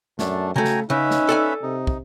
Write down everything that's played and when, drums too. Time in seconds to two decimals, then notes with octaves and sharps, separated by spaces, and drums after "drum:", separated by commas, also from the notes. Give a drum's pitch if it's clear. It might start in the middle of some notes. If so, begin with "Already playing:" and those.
0.19 F#2 A3 D4, drum: snare
0.56 C#3 A3 F#4 G5 G#5 A#5
0.65 drum: snare
0.90 C#3 C#4 D#4 B4 E5
1.11 drum: snare
1.29 A4 D5 G#5
1.63 C3 D#4
1.87 drum: kick